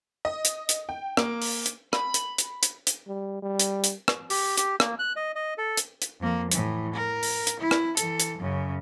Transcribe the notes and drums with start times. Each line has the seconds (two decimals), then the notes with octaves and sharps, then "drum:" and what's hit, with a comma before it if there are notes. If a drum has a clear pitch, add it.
0.25 D#5
0.45 drum: hi-hat
0.69 drum: hi-hat
0.89 G5
1.17 A#3, drum: rim click
1.42 drum: open hi-hat
1.66 drum: hi-hat
1.93 B5, drum: rim click
2.14 drum: hi-hat
2.38 drum: hi-hat
2.63 drum: hi-hat
2.87 drum: hi-hat
3.07 G3
3.43 G3
3.59 drum: hi-hat
3.84 drum: hi-hat
4.08 drum: rim click
4.30 G4, drum: open hi-hat
4.57 G4, drum: hi-hat
4.80 A#3, drum: rim click
4.99 F#6
5.16 D#5
5.36 D#5
5.58 A4
5.77 drum: hi-hat
6.02 drum: hi-hat
6.20 F2 A#3
6.52 A2 E3, drum: hi-hat
6.94 A#4
7.23 drum: open hi-hat
7.47 drum: hi-hat
7.60 E4
7.71 drum: rim click
7.97 E3 A4, drum: hi-hat
8.20 drum: hi-hat
8.39 F#2 C#3